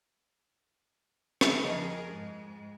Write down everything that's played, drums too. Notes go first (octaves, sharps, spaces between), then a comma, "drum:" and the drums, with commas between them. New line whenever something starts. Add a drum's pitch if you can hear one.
drum: rim click
F2 G#4 A#4 D#5 A5
G#2 G#3